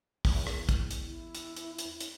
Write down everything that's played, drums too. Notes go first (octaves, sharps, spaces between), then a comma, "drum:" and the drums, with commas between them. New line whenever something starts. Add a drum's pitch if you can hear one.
E2, drum: kick, open hi-hat
drum: rim click
drum: kick, hi-hat
drum: hi-hat
E4
drum: hi-hat
drum: hi-hat
drum: hi-hat
drum: hi-hat